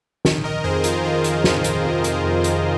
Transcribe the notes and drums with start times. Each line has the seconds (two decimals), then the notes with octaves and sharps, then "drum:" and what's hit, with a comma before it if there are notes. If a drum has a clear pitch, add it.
0.25 D#3, drum: snare
0.44 A#4 D#5
0.64 F2 G#4 C5
0.84 F4 A#4, drum: hi-hat
1.04 D#3 F4
1.24 drum: hi-hat
1.44 D#3, drum: snare
1.64 drum: hi-hat
1.84 C3
2.04 drum: hi-hat
2.24 F2
2.44 drum: hi-hat